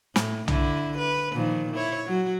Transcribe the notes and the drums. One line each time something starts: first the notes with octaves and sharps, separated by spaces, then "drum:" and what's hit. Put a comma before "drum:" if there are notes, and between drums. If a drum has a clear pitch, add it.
A2, drum: snare
D3 E4, drum: tom B1
B4
A#2 D#3 F3
E4 C#5
F#3 F#4